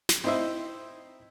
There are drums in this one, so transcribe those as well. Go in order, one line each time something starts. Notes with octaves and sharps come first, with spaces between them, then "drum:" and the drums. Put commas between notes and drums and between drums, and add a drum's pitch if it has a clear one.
drum: snare
C4 D#4 E4 C5 D#5 E5